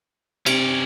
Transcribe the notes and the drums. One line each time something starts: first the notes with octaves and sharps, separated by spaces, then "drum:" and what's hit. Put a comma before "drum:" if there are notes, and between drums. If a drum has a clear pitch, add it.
C3 C#4 D5, drum: cymbal